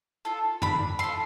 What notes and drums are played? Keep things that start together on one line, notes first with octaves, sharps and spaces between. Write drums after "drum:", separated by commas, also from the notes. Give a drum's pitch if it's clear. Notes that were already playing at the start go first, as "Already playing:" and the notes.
F4 A4
D4 B5, drum: tom F2
F4 A4 C6